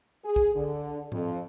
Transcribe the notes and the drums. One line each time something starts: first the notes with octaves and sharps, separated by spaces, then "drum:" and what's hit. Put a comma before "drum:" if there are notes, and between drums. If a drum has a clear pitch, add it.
G#4
drum: kick
D3
F2, drum: tom G#2